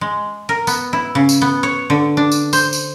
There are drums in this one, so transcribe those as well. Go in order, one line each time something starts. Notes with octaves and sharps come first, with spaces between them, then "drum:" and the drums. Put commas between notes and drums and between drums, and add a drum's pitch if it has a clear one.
G#3
A#4
B3, drum: tambourine
E4
C#3
drum: tambourine
B3
C#5
D3
D4
drum: tambourine
C5, drum: tambourine
drum: tambourine